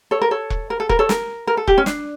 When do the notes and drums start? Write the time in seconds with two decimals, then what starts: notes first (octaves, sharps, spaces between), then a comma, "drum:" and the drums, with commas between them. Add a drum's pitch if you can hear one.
0.11 A4 C#5
0.22 A#4
0.31 A4 C#5
0.50 drum: kick E1
0.70 A#4
0.80 A4
0.89 A#4, drum: kick E1
0.99 A4 C#5
1.09 A#4, drum: snare
1.47 A#4
1.57 A4
1.67 G4, drum: kick E1
1.78 C#4
1.86 D4, drum: snare